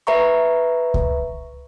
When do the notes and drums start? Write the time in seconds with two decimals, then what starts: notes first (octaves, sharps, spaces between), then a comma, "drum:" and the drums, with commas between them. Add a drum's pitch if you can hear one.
0.07 B4 E5 A#5 C#6
0.94 drum: kick C#2